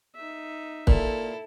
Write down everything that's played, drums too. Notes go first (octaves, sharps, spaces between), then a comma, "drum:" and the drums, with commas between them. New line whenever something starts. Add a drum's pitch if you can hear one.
D#4 E5
A#2 E4 A4, drum: kick